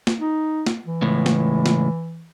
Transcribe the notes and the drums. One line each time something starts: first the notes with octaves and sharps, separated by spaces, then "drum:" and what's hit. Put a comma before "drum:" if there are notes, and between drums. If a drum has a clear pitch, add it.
drum: snare
D#4
drum: snare
E3
C#2 A2
drum: snare
drum: snare